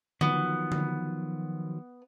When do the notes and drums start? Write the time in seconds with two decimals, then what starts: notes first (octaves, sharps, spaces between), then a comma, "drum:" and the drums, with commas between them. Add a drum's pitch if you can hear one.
0.21 D#3 F3 F#3 B3, drum: tom D3
0.72 drum: tom D3